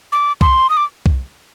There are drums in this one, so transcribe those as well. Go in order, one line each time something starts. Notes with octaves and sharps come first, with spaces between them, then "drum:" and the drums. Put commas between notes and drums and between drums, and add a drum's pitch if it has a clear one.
D6
C6, drum: kick C2
D#6
D6
drum: kick C2